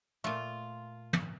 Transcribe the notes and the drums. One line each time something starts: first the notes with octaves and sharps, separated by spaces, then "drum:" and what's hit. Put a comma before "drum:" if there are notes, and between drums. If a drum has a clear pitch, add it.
A#2 A3 F4
drum: tom